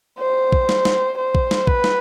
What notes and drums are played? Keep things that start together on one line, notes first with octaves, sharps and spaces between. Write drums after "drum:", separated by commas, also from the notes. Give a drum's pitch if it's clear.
C5
drum: kick
drum: snare
drum: snare
C5
drum: kick
drum: snare
B4, drum: kick
drum: snare